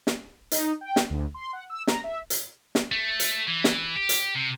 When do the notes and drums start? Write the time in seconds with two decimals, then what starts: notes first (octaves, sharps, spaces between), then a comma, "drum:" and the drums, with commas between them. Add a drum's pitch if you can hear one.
0.07 drum: snare
0.51 D#4, drum: hi-hat
0.81 G5
0.96 drum: snare
1.10 D2
1.34 C6
1.53 F#5
1.70 E6
1.87 A#5, drum: snare
2.04 E5
2.30 drum: hi-hat
2.75 drum: snare
2.92 A3
3.20 drum: hi-hat
3.48 E3
3.64 drum: snare
3.96 G4
4.09 drum: hi-hat
4.36 C3